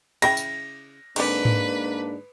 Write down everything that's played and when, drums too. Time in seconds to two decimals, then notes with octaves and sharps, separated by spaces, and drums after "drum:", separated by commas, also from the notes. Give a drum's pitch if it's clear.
0.22 C#3 E4 G5 A#6, drum: cymbal
0.37 drum: tambourine
1.16 G#2 D3 A#3 C4 D4 B4 D5, drum: cymbal
1.45 drum: tom G#2